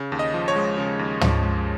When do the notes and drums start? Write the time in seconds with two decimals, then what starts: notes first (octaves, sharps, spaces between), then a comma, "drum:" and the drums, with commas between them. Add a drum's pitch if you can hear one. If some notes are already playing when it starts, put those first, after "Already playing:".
Already playing: C#3
0.12 D#2
0.19 D#5
0.34 F3
0.48 C#5
0.56 G#3
0.78 C#3
0.99 D#2
1.21 F3, drum: tom
1.43 G#3